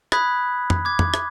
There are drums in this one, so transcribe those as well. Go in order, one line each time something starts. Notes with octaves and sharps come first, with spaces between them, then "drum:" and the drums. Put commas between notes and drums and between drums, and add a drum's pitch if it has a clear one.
B5 D#6 F#6 G#6 B6, drum: rim click
drum: tom
D6 G#6
drum: tom
drum: rim click